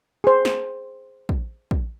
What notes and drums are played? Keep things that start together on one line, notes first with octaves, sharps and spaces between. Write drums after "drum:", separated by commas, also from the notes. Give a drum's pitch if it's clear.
G#4 C5
drum: snare
drum: kick
drum: kick